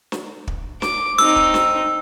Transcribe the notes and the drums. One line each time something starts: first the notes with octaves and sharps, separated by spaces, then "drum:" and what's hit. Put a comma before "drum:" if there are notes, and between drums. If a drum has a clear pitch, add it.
drum: snare
drum: kick
D6, drum: snare
C4 D#4 E6, drum: snare
drum: kick
drum: snare